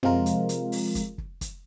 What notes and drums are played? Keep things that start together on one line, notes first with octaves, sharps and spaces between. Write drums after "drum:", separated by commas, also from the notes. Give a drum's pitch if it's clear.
C3 F3 G#3 F4 A#4, drum: tom
drum: hi-hat
drum: hi-hat
drum: open hi-hat
drum: kick, hi-hat
drum: kick
drum: kick, hi-hat